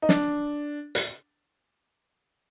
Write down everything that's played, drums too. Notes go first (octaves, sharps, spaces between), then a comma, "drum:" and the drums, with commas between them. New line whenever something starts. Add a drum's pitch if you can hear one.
D#4
D4, drum: snare
drum: hi-hat